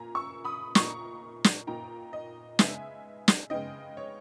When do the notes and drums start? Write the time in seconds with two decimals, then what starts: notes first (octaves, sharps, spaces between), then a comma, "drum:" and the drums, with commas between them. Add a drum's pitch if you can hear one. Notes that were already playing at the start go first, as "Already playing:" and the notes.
Already playing: A#2 A#3 G#5 A#5
0.15 C#6 E6
0.45 B5 D#6
0.75 A#2 A#3 D#4 A#5 C#6, drum: snare
1.44 drum: snare
1.67 A#2 A#3 D#4 G5 A#5
2.13 D#5
2.59 C#3 G#3 B3 D#4 E5 G#5, drum: snare
3.28 drum: snare
3.50 C#3 G#3 B3 D#4 D#5 G5
3.97 C#5